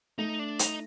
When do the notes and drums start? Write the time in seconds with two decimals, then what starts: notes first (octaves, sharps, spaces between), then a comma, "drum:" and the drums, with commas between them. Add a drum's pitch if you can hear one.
0.19 A3 D#4
0.39 D4
0.59 D#4, drum: hi-hat